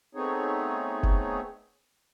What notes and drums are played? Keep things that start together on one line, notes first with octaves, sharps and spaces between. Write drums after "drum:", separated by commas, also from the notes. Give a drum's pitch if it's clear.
A3 B3 C4 D#4 G#4 C#5
drum: kick